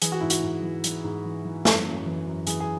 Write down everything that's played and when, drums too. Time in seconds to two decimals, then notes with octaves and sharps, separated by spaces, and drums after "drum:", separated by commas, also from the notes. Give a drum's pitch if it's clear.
0.02 E3 G#4, drum: hi-hat
0.12 F#4
0.21 G#2 E4
0.30 F#4, drum: hi-hat
0.43 G#2
0.63 E3
0.84 E3, drum: hi-hat
1.04 G#2
1.25 E3
1.45 E3
1.65 F#2, drum: snare
1.86 F#2
2.06 E3
2.27 F#2
2.47 E3 G#4, drum: hi-hat
2.60 G#4